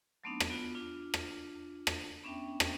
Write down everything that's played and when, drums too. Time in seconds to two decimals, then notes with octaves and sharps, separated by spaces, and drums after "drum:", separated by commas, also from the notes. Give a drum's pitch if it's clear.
0.24 F#3 A3 B3 C4 D4 D#4
0.40 drum: rim click
0.50 B3 F4 F#4
0.75 D4 F4
1.14 drum: rim click
1.87 drum: rim click
2.23 B3 C#4 D4 E5 G5
2.60 drum: rim click